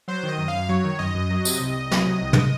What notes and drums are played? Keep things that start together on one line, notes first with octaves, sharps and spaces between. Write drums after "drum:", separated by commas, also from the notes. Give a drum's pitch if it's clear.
F#3 C5
D#3
D#5
F#2
F5
F#2
F#3 C#5
D#3
F#2 D#5
F#2
F#3
C3, drum: tambourine
C2
C2
F#3, drum: snare
C3
C2
drum: tom